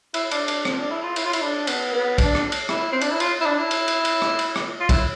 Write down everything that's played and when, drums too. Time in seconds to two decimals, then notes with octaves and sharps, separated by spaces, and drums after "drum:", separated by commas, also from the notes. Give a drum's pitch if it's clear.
0.14 E4, drum: cymbal
0.31 D4, drum: cymbal
0.48 D4, drum: cymbal
0.65 C4, drum: rim click
0.78 D4
0.90 E4
1.03 F4
1.16 E4, drum: cymbal
1.25 F4
1.33 E4, drum: cymbal
1.42 D4
1.67 B3, drum: cymbal
1.92 B3
2.18 D4, drum: kick, cymbal
2.35 drum: rim click
2.52 drum: cymbal
2.69 E4, drum: rim click
2.92 C4
3.01 D4, drum: cymbal
3.11 E4
3.20 F4, drum: cymbal
3.41 E4
3.45 D4
3.58 E4
3.71 drum: cymbal
3.88 drum: cymbal
4.05 drum: cymbal
4.22 drum: rim click
4.39 drum: cymbal
4.56 drum: rim click
4.80 F4
4.89 E4, drum: kick, cymbal